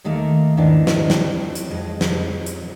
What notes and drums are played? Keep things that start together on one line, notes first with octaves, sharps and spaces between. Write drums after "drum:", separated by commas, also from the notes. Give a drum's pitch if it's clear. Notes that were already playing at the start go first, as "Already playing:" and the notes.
D#2 D#3 A3 A#3 A#4
E2 G#2 D#3 E3 D4 D#4
drum: snare
C4, drum: snare
drum: hi-hat
F2 G#3
drum: snare
drum: hi-hat